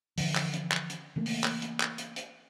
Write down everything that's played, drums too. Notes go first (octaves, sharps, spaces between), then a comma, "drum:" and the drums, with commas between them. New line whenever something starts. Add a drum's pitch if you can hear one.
D3 E3 F3, drum: open hi-hat
drum: clap
drum: hi-hat
drum: clap
drum: hi-hat
C#3 E3 A3 A#3
drum: open hi-hat
drum: clap
drum: hi-hat
drum: clap
drum: hi-hat
drum: hi-hat